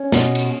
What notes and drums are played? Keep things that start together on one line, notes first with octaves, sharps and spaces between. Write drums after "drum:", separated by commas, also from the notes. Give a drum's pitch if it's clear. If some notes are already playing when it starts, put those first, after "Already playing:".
Already playing: C#4
B2, drum: snare
drum: cymbal